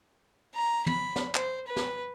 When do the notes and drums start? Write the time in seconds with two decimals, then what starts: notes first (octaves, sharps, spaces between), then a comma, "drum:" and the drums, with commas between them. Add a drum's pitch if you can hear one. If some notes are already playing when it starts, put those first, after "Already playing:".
0.54 A#5
0.86 B5, drum: tom
1.16 drum: snare
1.35 C5, drum: clap
1.67 B4
1.76 drum: snare